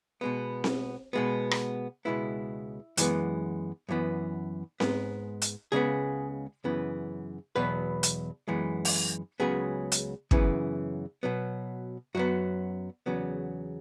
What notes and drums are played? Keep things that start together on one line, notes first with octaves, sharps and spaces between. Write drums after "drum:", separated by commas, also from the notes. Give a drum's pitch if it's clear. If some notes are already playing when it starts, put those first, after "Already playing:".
B2 G#3 B3
drum: snare C4
B2 G#3 B3
drum: rim click
C#2 B2 G#3 B3 E4
F#2 E3 G#3 B3, drum: hi-hat
F#2 E3 B3
G#2 G#3 B3, drum: snare C4
drum: hi-hat
C#2 C#3 G#3 B3 G#4
F#2 C#3 E3 B3
E2 B2 F#3 B3 B4
drum: hi-hat
F#2 E3 G#3 B3
drum: open hi-hat
C#2 C#3 F#3 B3 G#4
drum: hi-hat
F#2 C#3 E3 B3, drum: kick
B2 F#3 B3
F#2 F#3 B3 F#4
E2 C#3 F#3 B3